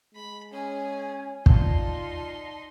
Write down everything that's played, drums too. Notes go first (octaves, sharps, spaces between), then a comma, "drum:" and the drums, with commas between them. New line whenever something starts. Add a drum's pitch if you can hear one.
G#3 B5
C#4 G#4 G#5
D#4 F4 D5 A5 C6, drum: kick